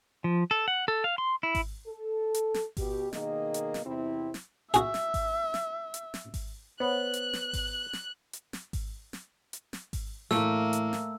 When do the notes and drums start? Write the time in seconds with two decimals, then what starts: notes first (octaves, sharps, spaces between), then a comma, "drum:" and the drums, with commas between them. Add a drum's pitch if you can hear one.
0.24 F3
0.51 A4
0.68 F#5
0.88 A4
1.04 F5
1.18 C6
1.43 E4
1.55 drum: kick G#1, open hi-hat
1.87 A4
2.34 drum: hi-hat
2.54 drum: snare
2.77 B2 G4, drum: kick G#1, open hi-hat
3.13 B2 D#3 A#3 G#4 D#5, drum: snare
3.54 drum: hi-hat
3.74 drum: snare
3.85 E2 C3 C4 E4
4.34 drum: snare
4.74 F#4 G#4 E5, drum: hi-hat
4.94 drum: snare
5.14 drum: kick G#1, open hi-hat
5.54 drum: snare
5.94 drum: hi-hat
6.14 drum: snare
6.34 drum: kick G#1, open hi-hat
6.80 B3 C5 C#5 F#5 F#6
7.14 drum: hi-hat
7.33 drum: snare
7.53 drum: kick G#1, open hi-hat
7.93 drum: snare
8.33 drum: hi-hat
8.53 drum: snare
8.73 drum: kick G#1, open hi-hat
9.13 drum: snare
9.53 drum: hi-hat
9.73 drum: snare
9.93 drum: kick G#1, open hi-hat
10.31 A2 E3 A3 A#3 E6, drum: snare
10.73 drum: hi-hat
10.93 drum: snare